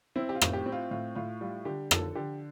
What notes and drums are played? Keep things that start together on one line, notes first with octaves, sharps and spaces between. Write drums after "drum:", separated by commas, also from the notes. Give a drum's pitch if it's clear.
C4 E4
G4
F4
A2, drum: rim click
G4
C4
F4
A2 F4
A2 F4
G3 F4
D3 G4
F3 A4, drum: rim click
D3 G4